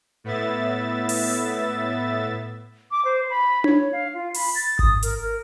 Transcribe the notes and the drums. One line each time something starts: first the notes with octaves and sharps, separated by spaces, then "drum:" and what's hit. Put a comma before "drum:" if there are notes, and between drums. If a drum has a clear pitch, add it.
A2 B3 E5 A6
drum: open hi-hat
D6
C5
B5
C#5, drum: tom D4
F5
F4
B5, drum: open hi-hat
A6
D#6, drum: kick G#1
A#4, drum: hi-hat
A#4